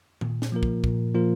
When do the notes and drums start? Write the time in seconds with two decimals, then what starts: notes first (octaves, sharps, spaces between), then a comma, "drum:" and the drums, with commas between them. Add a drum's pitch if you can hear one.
0.21 A#2, drum: tom D#3
0.42 drum: snare
0.52 F3 A#3 F4 A#4
0.63 drum: kick
0.84 A#2, drum: kick
1.15 F3 A#3 F4 A#4